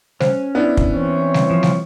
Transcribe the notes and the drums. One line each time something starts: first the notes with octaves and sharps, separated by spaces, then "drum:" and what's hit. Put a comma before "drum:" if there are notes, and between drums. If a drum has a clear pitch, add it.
C#4 C5, drum: snare
B3 D4 E4
drum: kick
E3 C4 C#5
drum: snare
F3
drum: snare